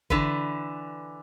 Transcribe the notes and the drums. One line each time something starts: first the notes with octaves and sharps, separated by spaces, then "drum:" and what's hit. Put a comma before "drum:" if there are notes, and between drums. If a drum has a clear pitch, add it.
D3 E3 B4, drum: kick G1